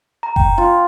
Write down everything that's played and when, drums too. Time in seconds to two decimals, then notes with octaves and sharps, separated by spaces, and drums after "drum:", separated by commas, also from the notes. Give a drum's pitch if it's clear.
0.23 A#5
0.36 G5, drum: kick F#1
0.58 F4